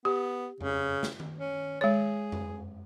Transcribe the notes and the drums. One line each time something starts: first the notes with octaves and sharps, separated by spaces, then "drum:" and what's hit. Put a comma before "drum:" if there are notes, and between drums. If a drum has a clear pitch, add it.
B3 G4
C#3, drum: tom F2
drum: snare
drum: tom D#3
C#4
G#3 G#4 C#5
drum: tom F2